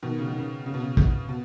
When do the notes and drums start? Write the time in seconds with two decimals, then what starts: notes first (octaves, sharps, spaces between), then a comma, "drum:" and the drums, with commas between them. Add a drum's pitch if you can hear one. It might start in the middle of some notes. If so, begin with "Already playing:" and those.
0.03 B2 D#3
0.19 C#3
0.28 D#3
0.38 C#3
0.66 C#3
0.74 B2
0.82 C#3
0.97 drum: kick
1.29 B2